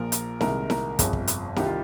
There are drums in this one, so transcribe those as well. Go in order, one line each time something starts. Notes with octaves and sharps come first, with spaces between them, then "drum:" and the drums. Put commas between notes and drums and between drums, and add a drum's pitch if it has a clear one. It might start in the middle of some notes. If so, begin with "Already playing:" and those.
Already playing: A#1 A#2 F3 A#4
drum: hi-hat
C2 C3 D#3 G#3 A#4, drum: snare E4
A#4, drum: snare E4
G1 F2 C3 G#4, drum: kick, hi-hat
drum: kick
drum: hi-hat
C2 C3 D#3 G3 G4, drum: snare E4
F4